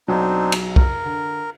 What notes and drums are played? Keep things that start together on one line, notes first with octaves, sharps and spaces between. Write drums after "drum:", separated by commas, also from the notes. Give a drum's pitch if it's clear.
B1 F#3 C4 D4 D#4
drum: cymbal
A#4, drum: kick
D3